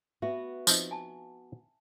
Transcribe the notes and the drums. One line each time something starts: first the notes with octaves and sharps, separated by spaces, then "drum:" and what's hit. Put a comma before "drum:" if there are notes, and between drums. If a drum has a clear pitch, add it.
B3 F#4 E5
F3 C4 D#4, drum: tambourine
G#5 A5